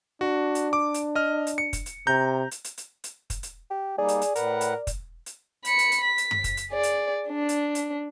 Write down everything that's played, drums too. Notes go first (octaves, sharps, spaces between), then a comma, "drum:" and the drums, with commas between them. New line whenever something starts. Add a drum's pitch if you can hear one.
D4 F#4
drum: hi-hat
D6
drum: hi-hat
D#5 F6
drum: hi-hat
C#7
drum: kick, hi-hat
drum: hi-hat
C3 A#5 G6
drum: hi-hat
drum: hi-hat
drum: hi-hat
drum: hi-hat
drum: kick, hi-hat
drum: hi-hat
G4
G3 A#3 D#4 G#4 D5
drum: hi-hat
drum: hi-hat
A2 A#4 B4 F#5, drum: hi-hat
drum: hi-hat
drum: kick, hi-hat
drum: hi-hat
B5 C#7, drum: hi-hat
drum: hi-hat
drum: hi-hat
B6
drum: hi-hat
drum: tom F#2
drum: kick, hi-hat
drum: hi-hat
G#4 D5
drum: hi-hat
D4
drum: hi-hat
drum: hi-hat